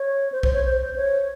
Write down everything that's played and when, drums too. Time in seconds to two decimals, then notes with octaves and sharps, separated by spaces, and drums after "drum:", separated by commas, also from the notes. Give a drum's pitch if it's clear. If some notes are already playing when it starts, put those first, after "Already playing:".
Already playing: C#5
0.32 C5
0.43 C5, drum: kick B1
0.54 C#5
0.65 C5
0.96 C#5